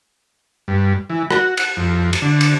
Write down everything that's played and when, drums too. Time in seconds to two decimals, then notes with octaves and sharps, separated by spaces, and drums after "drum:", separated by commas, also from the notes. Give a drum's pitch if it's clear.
0.68 G2
1.10 E3
1.31 F#4, drum: rim click
1.57 F#5, drum: cymbal
1.77 F2
2.13 drum: cymbal
2.22 D3
2.41 drum: cymbal